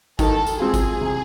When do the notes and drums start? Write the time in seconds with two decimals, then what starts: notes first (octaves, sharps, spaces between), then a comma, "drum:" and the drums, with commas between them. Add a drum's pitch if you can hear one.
0.19 D#3 A4, drum: kick, tambourine
0.47 drum: tambourine
0.60 G#3 C4 F4 G#4
0.74 drum: kick, tambourine
1.01 C3